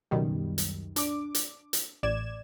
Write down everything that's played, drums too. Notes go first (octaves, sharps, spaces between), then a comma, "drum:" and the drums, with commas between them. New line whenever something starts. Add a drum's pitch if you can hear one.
C#2 F#2 B2 D#3 G3
drum: hi-hat
D4 D6, drum: hi-hat
drum: hi-hat
drum: hi-hat
A1 D5 G#6 E7